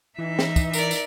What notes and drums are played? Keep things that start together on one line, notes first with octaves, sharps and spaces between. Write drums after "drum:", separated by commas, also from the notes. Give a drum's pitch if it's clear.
E3 D#4 E5
drum: snare
drum: kick, tambourine
A#4 D5, drum: tambourine
drum: tambourine